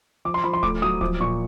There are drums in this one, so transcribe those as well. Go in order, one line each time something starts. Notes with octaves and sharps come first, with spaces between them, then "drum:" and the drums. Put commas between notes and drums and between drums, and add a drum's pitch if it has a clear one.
F3 D6
C6
F3 B5
C6
A3 D6, drum: kick D1
F#3 D#6
F3 D6, drum: kick D1
A#2 C#6